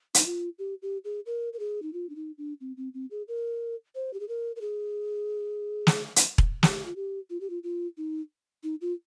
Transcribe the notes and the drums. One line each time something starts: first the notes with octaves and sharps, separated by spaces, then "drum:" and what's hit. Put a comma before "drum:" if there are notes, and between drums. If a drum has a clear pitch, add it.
D#4, drum: hi-hat
F4
G4
G4
G#4
A#4
A#4
G#4
D#4
F4
D4
D#4
D4
C4
C4
C4
G#4
A#4
C5
G4
G#4
A#4
A#4
G#4
drum: snare
drum: hi-hat
drum: kick E1
G4, drum: snare
F4
G4
F4
G4
F4
F4
D#4
D#4
F4